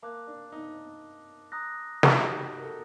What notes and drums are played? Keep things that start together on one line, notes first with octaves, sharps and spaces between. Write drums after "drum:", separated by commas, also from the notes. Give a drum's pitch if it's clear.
A#3 A5 D6 F#6
D4
D#4
A#5 D#6 F#6 A#6
D#4, drum: snare
F#4
G4
A#4
A4